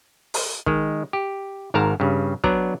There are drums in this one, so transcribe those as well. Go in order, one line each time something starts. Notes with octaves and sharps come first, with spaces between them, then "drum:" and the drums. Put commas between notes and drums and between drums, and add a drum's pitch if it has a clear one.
drum: open hi-hat
D#3 G#3, drum: kick
G4
G#1 G#2 A#4 A5 A#5
G2 C#3
F#3 B3 D4 D5 A#5, drum: kick